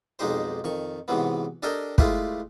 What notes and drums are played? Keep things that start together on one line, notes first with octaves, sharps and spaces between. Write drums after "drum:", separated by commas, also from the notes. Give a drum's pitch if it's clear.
B1 F2 G#3 D#4 G4 C5
F2 D#3 C#6
G#2 C3 E3 F#3 B3
D4 G4 A4 A#4 D#5 G5
G#3 A3 E4 F4 G4 B4, drum: kick